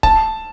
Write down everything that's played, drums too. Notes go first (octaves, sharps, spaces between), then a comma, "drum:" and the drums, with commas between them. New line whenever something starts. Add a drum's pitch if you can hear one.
A5, drum: kick C#1